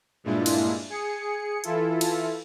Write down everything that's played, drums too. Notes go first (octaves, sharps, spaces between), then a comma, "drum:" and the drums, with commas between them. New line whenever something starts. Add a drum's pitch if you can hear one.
G2 A#2 G#3 D4 E4 F4
drum: cymbal
G#4 C#7
E3 E4 F4 A4, drum: hi-hat
drum: cymbal